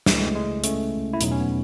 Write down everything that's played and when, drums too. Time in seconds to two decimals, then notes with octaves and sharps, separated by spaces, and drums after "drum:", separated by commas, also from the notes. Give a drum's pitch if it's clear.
0.06 C#2 C#3 E3 A3, drum: snare
0.21 G#3
0.35 G#3
0.64 A3 C#4, drum: hi-hat
1.13 E4
1.21 E2 B2 F#3 D#4, drum: hi-hat
1.32 C#4
1.40 B3